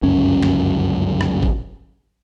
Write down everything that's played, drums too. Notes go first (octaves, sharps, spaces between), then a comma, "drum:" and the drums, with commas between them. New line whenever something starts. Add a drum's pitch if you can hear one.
G1 C#2 F#2 C#4
drum: snare
drum: rim click
drum: kick